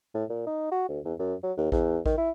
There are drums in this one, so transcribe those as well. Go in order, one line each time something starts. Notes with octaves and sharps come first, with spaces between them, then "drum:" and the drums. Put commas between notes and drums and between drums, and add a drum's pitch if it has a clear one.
A2
A#2
D#4
F#4
D2
E2
F#2
F#3
D#2
E2, drum: kick A1
D#3, drum: kick A1
E4